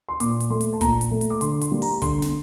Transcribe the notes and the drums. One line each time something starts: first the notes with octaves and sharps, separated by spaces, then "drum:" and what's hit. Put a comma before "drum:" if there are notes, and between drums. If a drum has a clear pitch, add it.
C6
A#2 D6, drum: hi-hat
drum: hi-hat
A3 C6
drum: hi-hat
A5
A#2 A#5, drum: kick, hi-hat
drum: hi-hat
A3
drum: hi-hat
D6
D3 C6, drum: hi-hat
C6, drum: hi-hat
G3 A#3
A#5, drum: open hi-hat
D3 C6, drum: kick, hi-hat
drum: snare